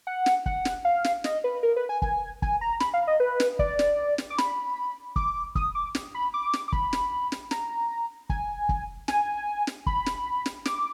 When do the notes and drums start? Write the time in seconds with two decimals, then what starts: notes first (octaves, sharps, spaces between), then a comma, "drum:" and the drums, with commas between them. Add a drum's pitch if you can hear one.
0.07 F#5
0.26 drum: snare
0.46 F#5, drum: kick
0.65 drum: snare
0.85 F5
1.04 drum: snare
1.24 D#5, drum: snare
1.44 B4
1.63 A#4
1.76 B4
1.89 G#5
2.02 G#5, drum: kick
2.42 G#5, drum: kick
2.61 A#5
2.80 B5, drum: snare
2.94 F5
3.07 D#5
3.20 B4
3.40 drum: snare
3.59 D5, drum: kick
3.79 drum: snare
4.18 drum: snare
4.30 D6
4.38 B5, drum: snare
5.16 D6, drum: kick
5.55 D#6, drum: kick
5.75 D6
5.95 drum: snare
6.15 B5
6.34 D6
6.53 drum: snare
6.68 D6
6.73 B5, drum: kick
6.93 drum: snare
7.32 drum: snare
7.51 A#5, drum: snare
8.30 G#5, drum: kick
8.69 drum: kick
9.08 G#5, drum: snare
9.67 drum: snare
9.87 B5, drum: kick
10.06 drum: snare
10.46 drum: snare
10.65 D6, drum: snare